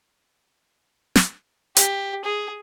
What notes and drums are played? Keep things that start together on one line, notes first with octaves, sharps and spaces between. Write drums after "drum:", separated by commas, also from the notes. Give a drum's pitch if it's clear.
drum: snare
G4, drum: hi-hat
G#4